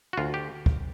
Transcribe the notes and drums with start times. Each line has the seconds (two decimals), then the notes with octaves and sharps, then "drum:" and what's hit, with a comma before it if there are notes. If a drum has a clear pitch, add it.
0.13 F#4
0.17 D2 F4
0.34 G4
0.66 drum: kick